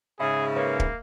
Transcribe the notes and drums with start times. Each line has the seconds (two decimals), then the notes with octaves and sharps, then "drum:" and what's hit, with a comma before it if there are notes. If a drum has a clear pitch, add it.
0.20 G#2 C#3 G#4 E5 B5
0.57 A#3 B4 C#5
0.80 drum: kick